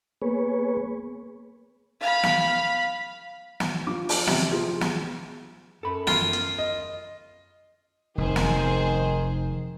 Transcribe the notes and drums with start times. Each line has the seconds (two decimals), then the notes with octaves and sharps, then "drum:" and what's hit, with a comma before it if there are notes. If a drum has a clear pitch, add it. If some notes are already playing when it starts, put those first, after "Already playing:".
0.22 A#3 B3 G#4 B4 C#5
2.00 F5 B5
2.23 drum: snare
3.60 drum: snare
3.87 F3 D6
4.09 drum: open hi-hat
4.27 C3, drum: snare
4.52 F3 G#4
4.81 drum: snare
5.83 F#2 A4 B5
6.07 F4, drum: snare
6.33 drum: hi-hat
6.58 D#5
8.18 F1 D#3 G#4 C5
8.36 drum: snare